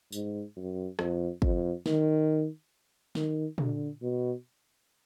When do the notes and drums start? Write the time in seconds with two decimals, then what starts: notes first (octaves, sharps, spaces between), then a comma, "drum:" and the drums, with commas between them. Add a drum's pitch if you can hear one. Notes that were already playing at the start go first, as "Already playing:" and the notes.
0.12 G#2, drum: tambourine
0.56 F#2
0.99 F2, drum: rim click
1.42 F2, drum: kick
1.86 D#3, drum: snare
3.15 D#3, drum: snare
3.58 D3, drum: tom A#2
4.02 B2